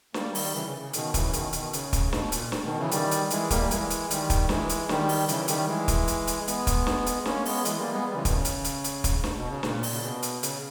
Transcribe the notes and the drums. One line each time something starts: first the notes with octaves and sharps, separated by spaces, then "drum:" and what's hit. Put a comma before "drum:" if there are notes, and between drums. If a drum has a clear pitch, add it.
G3 A#3, drum: snare
D#3 G3, drum: open hi-hat
C#3 E3
C#3
C#3
B2 D#3, drum: hi-hat
C#3 E3, drum: kick, hi-hat
B2 D#3, drum: hi-hat
B2 D#3, drum: hi-hat
C#3, drum: hi-hat
drum: kick, hi-hat
B2, drum: snare
A#2, drum: hi-hat
drum: snare
B2 D#3
C#3 E3
D#3 G3, drum: hi-hat
drum: hi-hat
E3 G#3, drum: hi-hat
G3 A#3, drum: kick, hi-hat
A#3
E3 G#3, drum: hi-hat
drum: hi-hat
D#3 G3, drum: hi-hat
drum: kick, hi-hat
E3 G#3, drum: snare
drum: hi-hat
D#3 G3, drum: snare
drum: open hi-hat
C#3 E3, drum: hi-hat
D#3 G3, drum: hi-hat
E3 G#3
drum: kick, hi-hat
drum: hi-hat
drum: hi-hat
G#3 B3, drum: hi-hat
drum: kick, hi-hat
drum: snare
drum: hi-hat
A#3 C#4, drum: snare
G#3 B3, drum: open hi-hat
E3 G#3, drum: hi-hat
G3 A#3
G#3 B3
G3
C#3 E3
B2 D#3, drum: kick, hi-hat
C#3
drum: hi-hat
drum: hi-hat
drum: hi-hat
drum: kick, hi-hat
B2, drum: snare
B2
C#3
A#2, drum: snare
drum: open hi-hat
C#3
B2
drum: hi-hat
C#3, drum: hi-hat